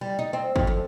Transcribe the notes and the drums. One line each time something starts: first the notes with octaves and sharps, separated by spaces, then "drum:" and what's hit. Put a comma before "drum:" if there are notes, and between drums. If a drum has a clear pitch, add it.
G3
D#4
C4
F2, drum: kick
F2